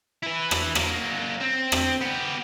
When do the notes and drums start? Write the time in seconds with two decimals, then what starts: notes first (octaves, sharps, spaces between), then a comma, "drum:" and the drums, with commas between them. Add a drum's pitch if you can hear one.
0.23 E4 B4
0.51 drum: rim click
0.75 F#3 A#3, drum: rim click
1.41 C4
1.72 drum: rim click
2.01 B3 G4